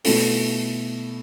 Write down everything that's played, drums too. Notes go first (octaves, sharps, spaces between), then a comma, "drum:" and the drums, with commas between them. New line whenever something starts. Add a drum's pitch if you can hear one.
B2 A3 E4 A4, drum: open hi-hat